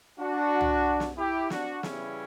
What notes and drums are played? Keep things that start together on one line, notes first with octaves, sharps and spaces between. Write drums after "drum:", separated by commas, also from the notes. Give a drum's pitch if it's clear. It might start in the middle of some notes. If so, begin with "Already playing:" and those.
D4 F#4
drum: tom C2
drum: snare
E4 G4
D4 F#4, drum: snare
C#3 E3 G3 C#4 E4, drum: snare